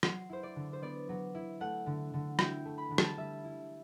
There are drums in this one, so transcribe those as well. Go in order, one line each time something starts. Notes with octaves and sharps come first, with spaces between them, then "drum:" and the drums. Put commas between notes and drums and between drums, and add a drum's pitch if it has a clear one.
F#3 C6, drum: rim click
E4 C5
D5
D3
C5
B3 D5
F#3
E4
A3 F#5
D3
D3
E4 G5, drum: rim click
A3
B5
D3
A5, drum: rim click
G3 E5
E4